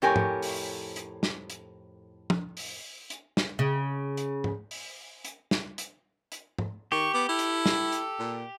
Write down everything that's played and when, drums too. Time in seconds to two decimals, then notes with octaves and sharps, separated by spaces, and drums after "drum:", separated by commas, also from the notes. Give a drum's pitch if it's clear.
0.02 F2 A2 G4 A#4 C#5 G#5
0.16 drum: tom
0.42 drum: open hi-hat
0.96 drum: hi-hat
1.23 drum: snare
1.50 drum: hi-hat
2.30 drum: tom
2.57 drum: open hi-hat
3.10 drum: hi-hat
3.37 drum: snare
3.59 C#3
4.17 drum: hi-hat
4.44 drum: tom
4.71 drum: open hi-hat
5.25 drum: hi-hat
5.51 drum: snare
5.78 drum: hi-hat
6.32 drum: hi-hat
6.58 drum: tom
6.92 D#3 G4 C#6
7.14 B3 D6
7.29 E4 A4
7.39 drum: hi-hat
7.66 drum: snare
7.92 drum: hi-hat
8.19 A#2